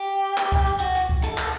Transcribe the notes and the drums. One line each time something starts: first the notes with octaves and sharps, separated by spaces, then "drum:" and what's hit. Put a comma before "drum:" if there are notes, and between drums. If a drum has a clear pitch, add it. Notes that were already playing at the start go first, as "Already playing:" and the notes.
Already playing: G4
drum: clap
drum: kick C#2, hi-hat
drum: hi-hat
F#4, drum: hi-hat
drum: hi-hat
drum: kick C#2
A4, drum: hi-hat
drum: clap